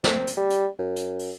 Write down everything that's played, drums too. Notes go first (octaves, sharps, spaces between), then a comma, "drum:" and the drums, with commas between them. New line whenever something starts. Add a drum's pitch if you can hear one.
C4, drum: snare
drum: hi-hat
G3
drum: hi-hat
F#2
drum: hi-hat
drum: open hi-hat